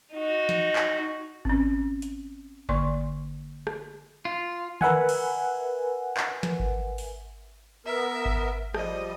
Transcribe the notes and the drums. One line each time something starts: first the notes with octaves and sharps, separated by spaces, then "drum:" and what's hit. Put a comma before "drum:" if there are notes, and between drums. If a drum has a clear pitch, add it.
D#4 F#4
drum: snare
drum: clap
C4 C#4, drum: kick G#1
drum: hi-hat
D3 A#3 D5 C6 C#6, drum: kick G#1
drum: rim click
F4
A#4 B4 E5 F#5 G#5, drum: tom D3
drum: cymbal
drum: clap
drum: snare
drum: kick G#1
drum: open hi-hat
B3 A#4 E5
drum: kick G#1
F3 G3 D#5, drum: rim click